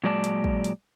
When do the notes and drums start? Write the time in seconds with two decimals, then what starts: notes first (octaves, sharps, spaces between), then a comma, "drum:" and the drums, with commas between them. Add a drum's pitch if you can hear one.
0.04 A#2 F#3 G#3 D5 G#5 A5
0.24 drum: hi-hat
0.44 drum: kick
0.64 drum: hi-hat